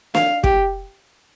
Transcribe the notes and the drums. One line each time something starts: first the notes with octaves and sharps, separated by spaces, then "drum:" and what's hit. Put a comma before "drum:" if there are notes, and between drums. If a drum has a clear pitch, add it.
F5, drum: snare
G4, drum: kick